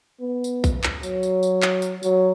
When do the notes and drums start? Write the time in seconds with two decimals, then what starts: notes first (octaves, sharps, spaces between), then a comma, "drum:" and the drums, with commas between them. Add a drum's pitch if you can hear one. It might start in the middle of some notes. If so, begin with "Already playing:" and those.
0.21 B3
0.44 drum: tambourine
0.64 drum: kick B1, tambourine
0.84 drum: clap
1.03 F#3, drum: tambourine
1.23 drum: tambourine
1.43 drum: tambourine
1.62 drum: clap
1.82 drum: tambourine
2.03 F#3, drum: tambourine